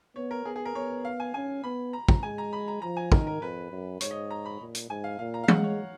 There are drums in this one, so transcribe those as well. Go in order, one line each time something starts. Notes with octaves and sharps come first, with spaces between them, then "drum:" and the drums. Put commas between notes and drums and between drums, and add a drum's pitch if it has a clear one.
B3 C#5
A#4
B3 G#4
G#4
A#4
B3 C#5
F5
G#5
C#4 G#5
B3 B5
A#5
A#5, drum: kick
G#3 G#5
A#5
B5
A#5
F3 A#5
G#5
D#3 A#4, drum: kick
A#4
F2 B4
F#2
G#2 C#5, drum: hi-hat
D#5
A#5
B5
A#2
drum: hi-hat
G#2 G#5
F5
A#2 F5
A#5
F5
G#3 F#5, drum: tom E3
C#5